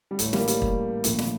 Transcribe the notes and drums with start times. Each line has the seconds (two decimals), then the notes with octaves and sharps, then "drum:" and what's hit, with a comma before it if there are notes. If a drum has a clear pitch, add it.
0.11 G3
0.19 A1 A2 A3, drum: hi-hat
0.33 G3 A#3, drum: snare
0.48 G3, drum: hi-hat
0.62 drum: kick
1.04 A#1 A#2 A3, drum: hi-hat
1.19 drum: snare